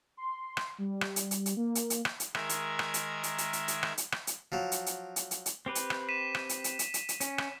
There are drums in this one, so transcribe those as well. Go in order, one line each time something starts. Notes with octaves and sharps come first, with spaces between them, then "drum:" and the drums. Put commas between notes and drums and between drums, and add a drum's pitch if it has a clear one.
C6
drum: rim click
G3
drum: rim click
drum: hi-hat
drum: hi-hat
drum: hi-hat
A#3
drum: hi-hat
drum: hi-hat
drum: rim click
drum: hi-hat
D#3 G#3 A#4 E5 G#6, drum: rim click
drum: hi-hat
drum: rim click
drum: hi-hat
drum: hi-hat
drum: hi-hat
drum: hi-hat
drum: hi-hat
drum: rim click
drum: hi-hat
drum: rim click
drum: hi-hat
F3 F#3
drum: hi-hat
drum: hi-hat
drum: hi-hat
drum: hi-hat
drum: hi-hat
C4 G4 B4
drum: hi-hat
drum: rim click
B6 D#7 E7
drum: rim click
drum: hi-hat
drum: hi-hat
drum: hi-hat
drum: hi-hat
drum: hi-hat
C#4, drum: hi-hat
drum: rim click